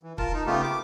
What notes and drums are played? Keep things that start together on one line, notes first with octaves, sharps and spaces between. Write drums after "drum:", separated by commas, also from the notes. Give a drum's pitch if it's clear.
E3
F4 A#4 A5, drum: kick C#1
D#4
C#3 A3 B3 F4 G4
D6